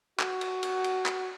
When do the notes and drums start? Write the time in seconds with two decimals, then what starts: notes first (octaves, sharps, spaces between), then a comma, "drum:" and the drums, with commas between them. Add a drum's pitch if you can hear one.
0.19 F#4, drum: clap
0.41 drum: cymbal
0.63 drum: cymbal
0.84 drum: cymbal
1.06 drum: clap